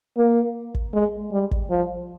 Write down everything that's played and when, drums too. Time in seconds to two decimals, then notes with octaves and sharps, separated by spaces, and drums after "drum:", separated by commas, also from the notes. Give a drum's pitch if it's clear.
0.17 A#3
0.74 drum: kick
0.94 G#3
1.32 G3
1.51 drum: kick
1.70 F3